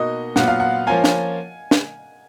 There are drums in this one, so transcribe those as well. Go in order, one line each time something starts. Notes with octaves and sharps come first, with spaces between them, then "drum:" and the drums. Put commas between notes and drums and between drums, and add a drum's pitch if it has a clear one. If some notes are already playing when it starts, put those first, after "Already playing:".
Already playing: B2 A#3 D#4 F#4 D#5
A#2 F#3 B3 F4 F#5, drum: snare
F5
F#5
F3 A#3 C#4 F4 G#5
drum: snare
drum: snare